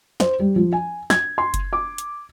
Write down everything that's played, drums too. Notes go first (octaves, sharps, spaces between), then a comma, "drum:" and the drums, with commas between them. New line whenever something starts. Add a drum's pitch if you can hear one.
C5, drum: snare
G3
F3
G#5
G#6, drum: snare
C6
drum: kick F#1, hi-hat
D6
drum: hi-hat